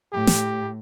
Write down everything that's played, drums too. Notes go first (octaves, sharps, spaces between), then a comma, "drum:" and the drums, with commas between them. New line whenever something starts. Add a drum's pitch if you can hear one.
A2 G4
drum: snare